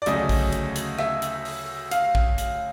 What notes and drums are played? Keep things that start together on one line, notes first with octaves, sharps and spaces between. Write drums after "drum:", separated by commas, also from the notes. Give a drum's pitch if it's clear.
D5
D2 C#3 F#3 A3 D#5, drum: hi-hat
drum: kick, open hi-hat
drum: hi-hat
drum: hi-hat
E5, drum: rim click
drum: hi-hat
drum: open hi-hat
F5, drum: hi-hat
drum: kick
drum: hi-hat